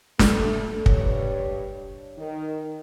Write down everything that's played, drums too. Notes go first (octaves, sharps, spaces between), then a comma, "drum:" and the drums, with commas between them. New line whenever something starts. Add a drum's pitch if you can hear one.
A3, drum: snare
G2 C#5, drum: kick
D#3